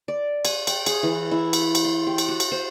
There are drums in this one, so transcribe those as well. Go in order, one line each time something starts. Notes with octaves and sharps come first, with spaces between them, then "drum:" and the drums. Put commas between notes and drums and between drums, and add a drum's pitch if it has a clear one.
D5
G#5, drum: cymbal
G5, drum: cymbal
G#4, drum: cymbal
E3
E4
drum: cymbal
drum: cymbal
C6
G4
drum: cymbal
F#4
drum: cymbal
C5